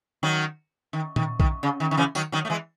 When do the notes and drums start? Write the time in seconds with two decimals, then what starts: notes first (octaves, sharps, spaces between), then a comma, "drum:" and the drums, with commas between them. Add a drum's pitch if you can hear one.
0.23 D#3 F#3
0.93 D#3
1.16 D#3, drum: tom A#2
1.40 D#3, drum: kick A#1
1.63 C#3
1.80 D#3
1.91 D#3
1.97 C#3 E3
2.15 D#3 F#3, drum: tambourine
2.32 D#3 F#3
2.45 A3
2.50 E3 G#3